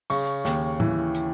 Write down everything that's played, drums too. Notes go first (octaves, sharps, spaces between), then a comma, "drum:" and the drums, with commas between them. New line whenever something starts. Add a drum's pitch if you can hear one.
C#3 C#6, drum: open hi-hat
D#2, drum: snare
E3, drum: tom A2
drum: hi-hat